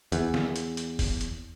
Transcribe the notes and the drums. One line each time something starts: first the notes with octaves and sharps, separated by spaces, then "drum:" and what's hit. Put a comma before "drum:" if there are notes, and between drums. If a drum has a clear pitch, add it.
E2, drum: hi-hat
drum: snare
drum: hi-hat
drum: hi-hat
drum: kick F1, open hi-hat
drum: hi-hat